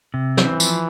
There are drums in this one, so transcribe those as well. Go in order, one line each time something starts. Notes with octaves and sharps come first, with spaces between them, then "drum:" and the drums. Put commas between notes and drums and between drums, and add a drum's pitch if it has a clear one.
C3
E3 C4, drum: snare
F3, drum: tambourine